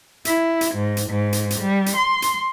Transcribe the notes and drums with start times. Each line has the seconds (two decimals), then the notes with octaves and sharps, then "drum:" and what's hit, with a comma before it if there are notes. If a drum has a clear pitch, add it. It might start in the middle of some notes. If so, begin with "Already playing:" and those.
0.25 E4, drum: hi-hat
0.61 drum: hi-hat
0.74 G#2
0.97 drum: hi-hat
1.09 G#2
1.33 drum: hi-hat
1.50 drum: hi-hat
1.60 G3
1.86 drum: hi-hat
1.95 C6
2.22 drum: hi-hat